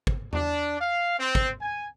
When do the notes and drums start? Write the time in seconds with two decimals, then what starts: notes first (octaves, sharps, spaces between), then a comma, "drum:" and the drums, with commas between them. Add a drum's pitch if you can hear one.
0.07 drum: kick
0.33 D4, drum: tom E2
0.80 F5
1.17 C4
1.35 drum: kick
1.61 G#5